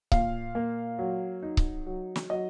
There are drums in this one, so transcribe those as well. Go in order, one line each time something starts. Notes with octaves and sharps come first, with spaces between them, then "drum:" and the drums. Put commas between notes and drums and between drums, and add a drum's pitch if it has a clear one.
A#2 F5, drum: kick C#1
A#3
F#3
D#4
drum: kick C#1
F#3
drum: snare
F#3 D#5